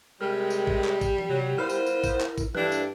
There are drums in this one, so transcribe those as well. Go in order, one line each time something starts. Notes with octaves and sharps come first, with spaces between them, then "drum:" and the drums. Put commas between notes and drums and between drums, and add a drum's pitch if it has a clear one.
C3 G3 G#3 A#4
drum: tambourine
drum: kick G#1
drum: clap
drum: kick G#1, tambourine
drum: tom E3
C3 F#3
B3 E4 F4 A#4 C5
drum: tambourine
drum: tambourine
drum: kick G#1, tambourine
drum: clap
drum: kick G#1, tambourine
G2 A3 D4 E4 B4, drum: tom E3
drum: tambourine